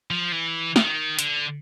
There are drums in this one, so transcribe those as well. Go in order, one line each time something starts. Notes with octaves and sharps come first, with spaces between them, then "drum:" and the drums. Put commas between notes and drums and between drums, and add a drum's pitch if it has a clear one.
F3
E3
D#3, drum: snare
D3, drum: hi-hat